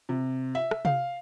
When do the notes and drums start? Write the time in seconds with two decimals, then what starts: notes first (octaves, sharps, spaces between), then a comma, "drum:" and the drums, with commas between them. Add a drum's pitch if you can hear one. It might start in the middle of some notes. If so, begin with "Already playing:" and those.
0.09 C3
0.55 E5
0.71 drum: rim click
0.85 F5, drum: tom C3